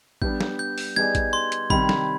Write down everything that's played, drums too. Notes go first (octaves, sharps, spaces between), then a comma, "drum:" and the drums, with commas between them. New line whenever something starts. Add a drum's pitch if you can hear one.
G3 B3 D4 G6, drum: kick A1
drum: snare
G6
drum: open hi-hat
G3 B3 D#4 G#4 D5 G#6
drum: kick A1, hi-hat
C6
drum: hi-hat
C3 D#3 G3 B5, drum: kick A1
drum: snare